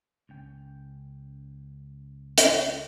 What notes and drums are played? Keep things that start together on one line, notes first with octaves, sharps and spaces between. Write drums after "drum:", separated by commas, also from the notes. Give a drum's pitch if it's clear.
C#2 C#4 G5
drum: hi-hat